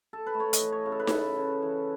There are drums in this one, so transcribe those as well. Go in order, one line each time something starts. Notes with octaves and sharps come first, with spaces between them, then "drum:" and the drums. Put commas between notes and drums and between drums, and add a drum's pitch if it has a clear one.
A4
B4
A3
C#5
D#5, drum: hi-hat
E3
C#5
C#3
A4
B4
C#3 A4, drum: snare D#4
C#3
E3